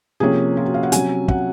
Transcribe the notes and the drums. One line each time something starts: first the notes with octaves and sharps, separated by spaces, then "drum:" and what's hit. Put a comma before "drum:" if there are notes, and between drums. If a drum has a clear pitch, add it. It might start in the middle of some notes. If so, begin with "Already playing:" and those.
C3 F3 A#3 C#4 G#4
F4
F#4
F5
F#5
C3 F#3 C#4 G#5, drum: hi-hat
F#5, drum: kick